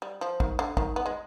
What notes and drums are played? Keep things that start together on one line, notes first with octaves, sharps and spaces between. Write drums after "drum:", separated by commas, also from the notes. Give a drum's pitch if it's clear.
G3
F3
D#3, drum: kick
D3
D#3, drum: kick
B3
G#3